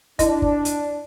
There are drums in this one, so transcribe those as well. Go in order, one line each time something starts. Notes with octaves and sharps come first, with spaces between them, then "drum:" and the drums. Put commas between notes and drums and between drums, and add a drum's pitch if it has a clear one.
D4 E4 D#5, drum: kick, hi-hat
drum: kick
drum: hi-hat